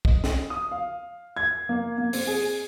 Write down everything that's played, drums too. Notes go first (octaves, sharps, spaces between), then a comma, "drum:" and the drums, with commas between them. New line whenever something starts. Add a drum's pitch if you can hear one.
D#5, drum: kick
drum: snare
D#6
F5
G#6
A#3
A#3
C4, drum: open hi-hat
G#4